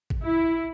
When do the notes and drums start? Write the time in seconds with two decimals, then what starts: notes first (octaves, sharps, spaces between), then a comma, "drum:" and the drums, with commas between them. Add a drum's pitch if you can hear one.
0.10 drum: kick G#1
0.23 E4